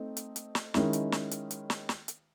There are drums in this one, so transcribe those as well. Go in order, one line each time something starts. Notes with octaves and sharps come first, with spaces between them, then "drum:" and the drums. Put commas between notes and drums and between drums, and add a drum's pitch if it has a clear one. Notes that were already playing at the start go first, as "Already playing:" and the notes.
Already playing: A3 C4 D#4
drum: hi-hat
drum: hi-hat
drum: snare
D#3 G#3 C#4 E4, drum: snare
drum: hi-hat
drum: snare
drum: hi-hat
drum: hi-hat
drum: snare
drum: snare
drum: hi-hat